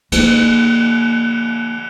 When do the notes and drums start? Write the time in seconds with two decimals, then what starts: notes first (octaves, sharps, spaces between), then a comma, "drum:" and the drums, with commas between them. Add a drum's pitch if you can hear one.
0.12 D3 A#3, drum: cymbal